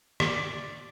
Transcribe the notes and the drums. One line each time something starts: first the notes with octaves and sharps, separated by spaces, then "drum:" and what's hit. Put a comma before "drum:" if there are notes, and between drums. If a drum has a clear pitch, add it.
D5 D6, drum: rim click